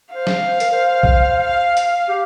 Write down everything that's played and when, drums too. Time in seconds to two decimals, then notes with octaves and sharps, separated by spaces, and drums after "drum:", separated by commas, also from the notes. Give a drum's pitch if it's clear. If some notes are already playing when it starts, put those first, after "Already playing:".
0.14 C5 F5
0.27 drum: snare
0.47 C5
0.60 A#4, drum: hi-hat
0.73 C5
1.03 drum: kick B1
1.44 F5
1.77 drum: hi-hat
2.09 G4